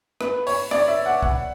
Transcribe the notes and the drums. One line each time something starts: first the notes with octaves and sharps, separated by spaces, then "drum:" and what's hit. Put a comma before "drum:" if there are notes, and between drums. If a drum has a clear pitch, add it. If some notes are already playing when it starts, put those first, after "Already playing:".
B4, drum: rim click
C#5, drum: open hi-hat
D5, drum: rim click
E5
F#5
F#5, drum: kick